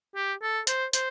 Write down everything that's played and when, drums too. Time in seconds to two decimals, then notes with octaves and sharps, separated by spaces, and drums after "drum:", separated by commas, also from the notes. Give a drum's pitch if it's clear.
0.15 G4
0.42 A4
0.67 C5, drum: hi-hat
0.93 C5, drum: hi-hat